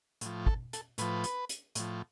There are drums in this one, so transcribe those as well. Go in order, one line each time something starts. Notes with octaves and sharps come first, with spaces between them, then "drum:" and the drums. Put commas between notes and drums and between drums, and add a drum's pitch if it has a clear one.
A2 F3, drum: hi-hat
A4, drum: kick
A4, drum: hi-hat
A2 F3 B4, drum: hi-hat
drum: hi-hat
drum: hi-hat
A2 F3, drum: hi-hat